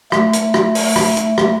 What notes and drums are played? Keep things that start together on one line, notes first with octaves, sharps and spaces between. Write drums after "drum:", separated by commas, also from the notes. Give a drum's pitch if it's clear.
A3, drum: rim click
drum: hi-hat
drum: rim click
drum: open hi-hat
drum: rim click
drum: hi-hat
drum: rim click